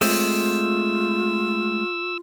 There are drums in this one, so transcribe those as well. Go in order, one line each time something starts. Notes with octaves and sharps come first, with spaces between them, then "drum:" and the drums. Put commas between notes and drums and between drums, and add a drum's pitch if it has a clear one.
G#3 A3 C4 F4 E6, drum: open hi-hat